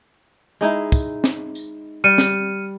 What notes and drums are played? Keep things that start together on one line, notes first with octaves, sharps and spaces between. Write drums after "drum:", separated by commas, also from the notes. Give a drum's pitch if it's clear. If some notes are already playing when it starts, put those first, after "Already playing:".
G#3 D#4 E4
drum: kick, tambourine
drum: snare
drum: tambourine
G3 F6 C#7 D#7
drum: snare